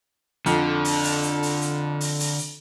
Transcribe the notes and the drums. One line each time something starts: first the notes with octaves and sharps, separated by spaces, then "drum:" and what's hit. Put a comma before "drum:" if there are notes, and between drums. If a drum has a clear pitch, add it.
F2 D3, drum: hi-hat
drum: open hi-hat
drum: open hi-hat
drum: hi-hat
drum: open hi-hat
drum: hi-hat
drum: open hi-hat
drum: open hi-hat
drum: hi-hat